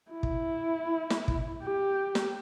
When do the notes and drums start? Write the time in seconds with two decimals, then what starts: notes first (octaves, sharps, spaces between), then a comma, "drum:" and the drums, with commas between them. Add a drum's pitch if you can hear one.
0.11 E4
0.23 drum: kick
1.10 drum: snare
1.28 drum: kick
1.63 G4
2.15 drum: snare